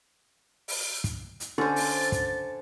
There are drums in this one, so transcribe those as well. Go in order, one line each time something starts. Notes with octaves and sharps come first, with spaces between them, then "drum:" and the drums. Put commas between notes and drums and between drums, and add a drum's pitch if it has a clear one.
drum: open hi-hat
drum: kick, hi-hat
drum: hi-hat
D3 C#4 C5 A6
drum: open hi-hat
drum: kick, hi-hat